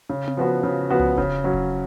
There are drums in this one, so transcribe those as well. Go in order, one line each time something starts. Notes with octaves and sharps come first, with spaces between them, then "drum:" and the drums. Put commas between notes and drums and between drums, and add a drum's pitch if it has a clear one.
C#3
drum: tom C4
F3 B3 F#4
C#3
F3 B3 F#4
drum: tom C2
C#3, drum: kick E1
F#3 C#4
drum: kick E1